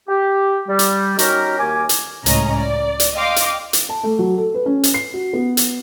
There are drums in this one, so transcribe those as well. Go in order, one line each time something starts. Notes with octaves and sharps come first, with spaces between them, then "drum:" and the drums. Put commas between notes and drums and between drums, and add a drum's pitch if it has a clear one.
G4
G3
drum: hi-hat
C#4 D#4 F#4 G4 A#4, drum: hi-hat
D#2 G#5 D6
drum: hi-hat
C#2 A2 C#4 D#5 A#5, drum: hi-hat
D5
drum: hi-hat
D#5 F5 G5 C6 D6
drum: hi-hat
drum: hi-hat
A5
A3
F#3
A4
B4
C#4
drum: hi-hat
C7
F#4
B3
drum: hi-hat